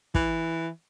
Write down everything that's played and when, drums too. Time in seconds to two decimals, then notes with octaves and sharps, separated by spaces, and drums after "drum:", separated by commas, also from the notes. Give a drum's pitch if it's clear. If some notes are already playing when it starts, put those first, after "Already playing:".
0.15 E3, drum: kick